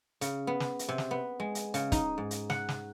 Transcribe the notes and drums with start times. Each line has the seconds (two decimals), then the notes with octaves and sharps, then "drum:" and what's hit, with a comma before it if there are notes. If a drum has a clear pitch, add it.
0.21 C#3, drum: hi-hat
0.47 B3
0.60 drum: snare
0.79 drum: hi-hat
0.89 C3
0.98 drum: snare
1.11 B3
1.40 G#3
1.55 drum: hi-hat
1.74 C#3, drum: hi-hat
1.92 D#4, drum: kick, hi-hat
2.18 G#2
2.31 drum: hi-hat
2.50 F#5, drum: snare
2.69 drum: snare